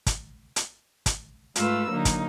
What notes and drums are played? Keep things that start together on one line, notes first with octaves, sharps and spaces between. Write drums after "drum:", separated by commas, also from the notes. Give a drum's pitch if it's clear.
drum: kick, hi-hat
drum: hi-hat
drum: kick, hi-hat
G#2 A3 F4 B4 E6, drum: hi-hat
D3 F#3 A#3 D#4
drum: kick, hi-hat